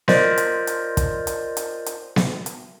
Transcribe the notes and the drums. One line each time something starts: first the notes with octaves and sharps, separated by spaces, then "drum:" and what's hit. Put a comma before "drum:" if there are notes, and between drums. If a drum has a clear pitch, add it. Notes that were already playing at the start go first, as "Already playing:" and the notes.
F4 A#4 C5 D5 D#5, drum: snare B3
drum: hi-hat
drum: hi-hat
drum: kick, hi-hat
drum: hi-hat
drum: hi-hat
drum: hi-hat
drum: snare B3
drum: hi-hat